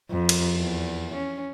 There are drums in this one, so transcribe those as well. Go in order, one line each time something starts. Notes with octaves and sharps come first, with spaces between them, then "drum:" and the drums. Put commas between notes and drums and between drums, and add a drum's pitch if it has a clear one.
F2
drum: cymbal
E2
C#4